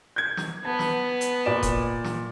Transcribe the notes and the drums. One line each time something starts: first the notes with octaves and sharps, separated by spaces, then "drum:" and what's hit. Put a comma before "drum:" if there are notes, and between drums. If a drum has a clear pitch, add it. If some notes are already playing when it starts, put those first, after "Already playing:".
G6 G#6
drum: snare
B3 A5
drum: snare
drum: hi-hat
A#2 D5 E7
drum: kick E1, hi-hat
drum: snare